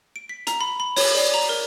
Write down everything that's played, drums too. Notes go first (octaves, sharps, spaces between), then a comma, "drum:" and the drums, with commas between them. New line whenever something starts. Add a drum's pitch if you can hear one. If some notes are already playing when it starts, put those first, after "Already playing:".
D7
B6
A#5, drum: hi-hat
B5
B5
C#5, drum: open hi-hat
D5
A#5
A#4